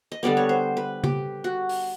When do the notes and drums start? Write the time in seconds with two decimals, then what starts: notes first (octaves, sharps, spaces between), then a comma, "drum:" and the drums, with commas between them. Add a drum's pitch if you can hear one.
0.12 D#5
0.23 D3 G3 B3 D5
0.37 C#5
0.49 C5
0.77 B4
1.04 G4, drum: tom C#3
1.44 F#4
1.69 drum: open hi-hat